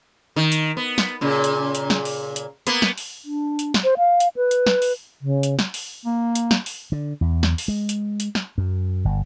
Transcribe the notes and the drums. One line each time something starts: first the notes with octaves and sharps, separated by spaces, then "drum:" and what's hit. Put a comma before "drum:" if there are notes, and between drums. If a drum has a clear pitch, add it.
D#3
drum: hi-hat
B3
drum: snare
A#2 C#3
drum: hi-hat
drum: hi-hat
drum: snare
drum: open hi-hat
drum: hi-hat
A#3 B3, drum: hi-hat
drum: snare
drum: open hi-hat
D4
drum: hi-hat
drum: snare
C5
F5
drum: hi-hat
B4
drum: hi-hat
drum: snare
drum: open hi-hat
C#3
drum: hi-hat
drum: snare
drum: open hi-hat
A#3
drum: hi-hat
drum: snare
drum: open hi-hat
D3
E2
drum: snare
drum: open hi-hat
G#3
drum: hi-hat
drum: hi-hat
drum: snare
F#2
G1